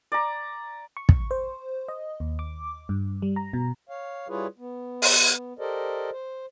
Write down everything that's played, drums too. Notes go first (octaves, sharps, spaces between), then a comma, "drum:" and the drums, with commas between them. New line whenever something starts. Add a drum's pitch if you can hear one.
D5 A#5
C#6
drum: kick
C5
D#5
D#2
D6
G2
G3
A#5
B2
C#5 F5
G3 E4 F4 G#4 B4 C#5
B3
drum: open hi-hat
G4 A4 A#4 C5 D5 D#5
C5